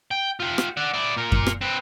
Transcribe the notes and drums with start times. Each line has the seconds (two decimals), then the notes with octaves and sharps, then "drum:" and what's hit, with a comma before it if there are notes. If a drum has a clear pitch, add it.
0.11 G5
0.40 F4 G4
0.58 drum: rim click
0.77 D5 F#5
0.94 E4 D5
1.17 A#2 A#4
1.32 drum: kick F#2
1.47 drum: rim click
1.61 C4 B4